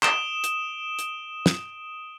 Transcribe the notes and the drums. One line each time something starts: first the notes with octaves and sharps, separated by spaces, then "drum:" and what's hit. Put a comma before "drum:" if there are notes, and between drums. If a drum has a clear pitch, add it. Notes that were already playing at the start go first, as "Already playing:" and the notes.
D#6 D7 E7 G7, drum: clap
drum: hi-hat
drum: hi-hat
drum: snare